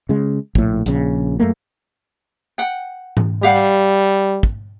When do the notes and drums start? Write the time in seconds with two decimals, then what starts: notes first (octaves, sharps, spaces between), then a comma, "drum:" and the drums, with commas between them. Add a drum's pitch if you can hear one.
0.09 C#3 G#3
0.55 A#1 A2, drum: kick
0.86 A#1 C#3, drum: hi-hat
1.40 F#2 A3 A#3
2.58 F#5 G5
3.17 drum: tom G#2
3.43 G3 G4 F5 F#5
4.43 drum: kick